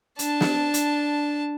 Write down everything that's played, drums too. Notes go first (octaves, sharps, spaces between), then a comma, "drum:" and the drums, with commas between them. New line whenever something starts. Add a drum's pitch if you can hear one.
D4 A5, drum: hi-hat
drum: snare
drum: hi-hat